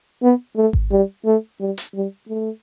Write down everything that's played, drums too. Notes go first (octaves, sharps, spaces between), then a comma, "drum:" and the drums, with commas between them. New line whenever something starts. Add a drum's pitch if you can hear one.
B3
A3
drum: kick G#1
G3
A3
G3
drum: hi-hat
G3
A3